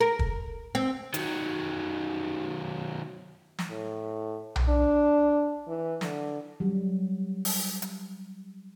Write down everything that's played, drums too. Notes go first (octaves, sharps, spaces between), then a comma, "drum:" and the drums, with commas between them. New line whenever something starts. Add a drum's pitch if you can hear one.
A#4
drum: kick
C4
D#3 F#3, drum: hi-hat
drum: snare
A2
drum: tom B1
D4
E3
D3, drum: snare
F#3 G3
drum: open hi-hat
drum: hi-hat